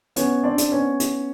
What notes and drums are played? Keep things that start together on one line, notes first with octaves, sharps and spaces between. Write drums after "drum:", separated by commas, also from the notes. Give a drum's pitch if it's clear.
B3 C#4, drum: hi-hat
C4 D4
drum: hi-hat
B3 C#4
drum: hi-hat